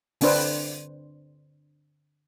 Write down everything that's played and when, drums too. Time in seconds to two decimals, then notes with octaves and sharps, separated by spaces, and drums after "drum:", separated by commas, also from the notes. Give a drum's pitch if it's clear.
0.21 D3 C4 D4 B4 C5, drum: open hi-hat